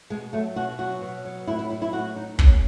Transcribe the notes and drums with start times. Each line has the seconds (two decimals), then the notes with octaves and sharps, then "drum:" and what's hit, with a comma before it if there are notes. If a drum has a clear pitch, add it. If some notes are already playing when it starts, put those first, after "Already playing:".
0.10 B2 G#3
0.33 F#3 A3
0.56 B2 F#4
0.78 F#3 F#4
1.02 B2
1.25 F#3
1.47 A2 E4
1.59 E4
1.70 F#3 E4
1.82 E4
1.92 A2 F#4
2.16 F#3 D#4
2.39 A2 C#4, drum: kick